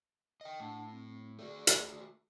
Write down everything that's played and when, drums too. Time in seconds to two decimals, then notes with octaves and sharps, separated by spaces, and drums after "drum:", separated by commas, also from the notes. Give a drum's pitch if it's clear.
0.41 D#5 G5
0.60 A2 D4 F#5 A5
0.92 C4
1.39 A3 F#4 G#4 D5
1.67 drum: hi-hat